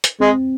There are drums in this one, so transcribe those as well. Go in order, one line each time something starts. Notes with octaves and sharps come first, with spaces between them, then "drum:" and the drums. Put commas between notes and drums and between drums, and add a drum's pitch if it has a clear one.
drum: hi-hat
G#3 C4